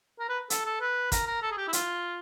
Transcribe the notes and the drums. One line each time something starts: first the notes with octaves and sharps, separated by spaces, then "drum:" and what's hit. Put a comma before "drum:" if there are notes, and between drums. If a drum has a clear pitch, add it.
A#4
B4
A4, drum: hi-hat
A4
B4
A#4, drum: kick, hi-hat
A#4
A4
G#4
G4
E4
F4, drum: hi-hat